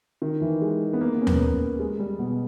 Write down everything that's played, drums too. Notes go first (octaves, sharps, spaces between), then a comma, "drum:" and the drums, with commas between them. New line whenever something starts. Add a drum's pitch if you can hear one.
D#3
E3
G#3
B3
A#3
B3
C#4
B3, drum: tom D#2
A#3
G#3
G3
B2